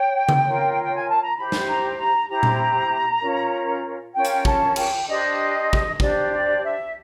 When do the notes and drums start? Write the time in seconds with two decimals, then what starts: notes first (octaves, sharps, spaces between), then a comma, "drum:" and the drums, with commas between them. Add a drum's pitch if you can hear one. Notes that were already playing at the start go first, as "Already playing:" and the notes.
Already playing: C#5 G5
0.29 drum: tom C#3
0.43 F4 A#4 C#5
0.82 G5
0.95 G#5
1.09 A5
1.22 A#5
1.36 E4 G4 C5 B5
1.52 drum: snare
1.67 A#5
1.98 A#5
2.28 E4 G4 C5 A#5
2.43 drum: tom A#2
3.21 C#4 F4 A#4
4.14 C#4 F4 A#4 G5
4.25 drum: hi-hat
4.45 A5, drum: kick
4.76 G5, drum: cymbal
5.07 D4 G4 C5 D#5
5.73 drum: kick
6.00 D4 G4 C5 D5, drum: kick
6.31 D5
6.63 E5